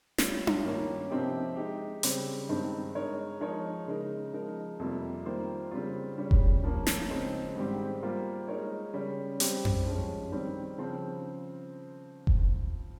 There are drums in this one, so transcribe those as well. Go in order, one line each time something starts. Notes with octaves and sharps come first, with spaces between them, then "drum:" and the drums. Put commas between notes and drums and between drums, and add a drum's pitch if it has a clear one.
G3 C#4 F4, drum: snare
drum: tom D4
G2 D#3 A#3 C#4
C3 F3 C4 D#4 G4
G#3 D#4 G4
C#3 G3 C4 G4 C5, drum: hi-hat
G2 D#3 G#3 C4 D#4
G#3 D#4 A#4 C#5
F3 G#3 D#4 A#4 C#5
C#3 G#3 D#4 A#4
F3 G#3 D#4 A#4
F2 C3 G3 A#3 F4
D#3 G3 A#3 F4 C5
C#3 G3 C4 F4
C#3 G3 C#4
drum: kick F1
F3 A#3 C#4
drum: snare
C#3 F3 G#3 C4 D#4
G#2 D#3 G3 C4 G4
G3 A#3 F4 C5
G#3 D#4 A#4 C#5
C#3 G3 C#4
G3 C4 G4 C5, drum: hi-hat
drum: tom F2
F3 G#3 C#4
D#3 G3 C4
C#3 F3 C4
drum: kick F1